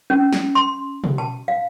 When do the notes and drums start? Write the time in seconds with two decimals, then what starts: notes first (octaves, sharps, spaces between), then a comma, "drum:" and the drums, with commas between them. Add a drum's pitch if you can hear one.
0.10 C#4
0.33 drum: snare
0.55 C6
1.04 drum: tom B2
1.18 A5
1.48 F5